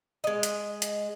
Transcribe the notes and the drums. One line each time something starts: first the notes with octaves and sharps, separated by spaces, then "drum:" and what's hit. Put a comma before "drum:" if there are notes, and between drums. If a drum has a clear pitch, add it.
G#3 D#5
drum: hi-hat
drum: hi-hat